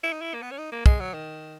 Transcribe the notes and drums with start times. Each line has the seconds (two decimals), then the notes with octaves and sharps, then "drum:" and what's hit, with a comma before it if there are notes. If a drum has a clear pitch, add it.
0.03 E4
0.12 D#4
0.21 E4
0.34 A#3
0.42 B3
0.51 C#4
0.58 D#4
0.72 A#3
0.86 G#3, drum: kick
1.00 F#3
1.14 D#3